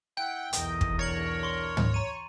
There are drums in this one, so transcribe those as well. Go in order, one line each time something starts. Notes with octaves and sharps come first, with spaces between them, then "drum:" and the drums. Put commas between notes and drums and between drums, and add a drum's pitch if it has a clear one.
E4 F#5 G5 G6
B1 E2 A#4 D#5, drum: hi-hat
drum: kick
D4 A#4 C#5 A6 C#7 F#7
C6 C#6
drum: tom
A#5 D#7